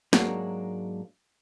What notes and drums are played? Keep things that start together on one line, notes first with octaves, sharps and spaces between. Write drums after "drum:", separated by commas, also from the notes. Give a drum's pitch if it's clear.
G#2 F#3 G#3 A#3 D4 F#4, drum: snare